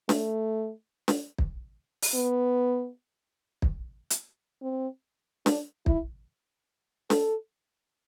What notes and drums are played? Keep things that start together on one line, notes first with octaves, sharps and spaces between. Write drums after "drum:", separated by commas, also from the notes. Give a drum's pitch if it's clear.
A3, drum: snare
drum: snare
drum: kick
drum: open hi-hat
B3
drum: kick
drum: hi-hat
C4
D4, drum: snare
E4, drum: kick
A4, drum: snare